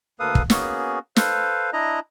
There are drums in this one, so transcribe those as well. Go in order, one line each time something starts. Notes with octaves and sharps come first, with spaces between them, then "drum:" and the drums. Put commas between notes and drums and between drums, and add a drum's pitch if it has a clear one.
D2 A#3 A4 B4 F5 D#6
drum: kick
A#3 B3 C#4 F#4 G#4, drum: snare
A4 B4 C5 F5, drum: snare
D4 E4 D#5 A#5